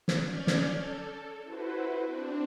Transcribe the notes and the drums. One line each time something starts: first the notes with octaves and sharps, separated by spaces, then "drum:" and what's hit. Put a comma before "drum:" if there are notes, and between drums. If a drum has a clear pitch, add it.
drum: snare
C#4 D5 F6 G6 G#6
drum: snare
A4
E4 F#4 B4 C5
C4 D4